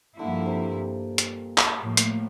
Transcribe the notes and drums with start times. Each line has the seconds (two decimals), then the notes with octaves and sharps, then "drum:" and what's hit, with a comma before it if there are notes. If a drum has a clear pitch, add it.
0.19 G2 D3 F3 A#3 E4
0.46 C3
0.72 A#2
1.18 drum: hi-hat
1.58 drum: clap
1.78 A2 F3 A#3
1.97 drum: hi-hat